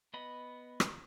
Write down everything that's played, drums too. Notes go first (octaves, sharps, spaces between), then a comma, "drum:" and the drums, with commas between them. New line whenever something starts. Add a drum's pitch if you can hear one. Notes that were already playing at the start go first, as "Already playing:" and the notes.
B3 D#5 B5
drum: rim click